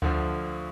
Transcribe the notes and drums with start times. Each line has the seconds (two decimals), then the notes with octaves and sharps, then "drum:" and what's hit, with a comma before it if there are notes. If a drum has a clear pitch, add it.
0.02 D2 D3 F3, drum: tom D2